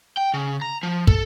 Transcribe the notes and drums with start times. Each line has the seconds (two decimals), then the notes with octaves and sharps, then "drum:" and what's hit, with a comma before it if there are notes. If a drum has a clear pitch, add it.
0.17 G5
0.34 C#3
0.62 A#5
0.83 F3
1.07 A4, drum: kick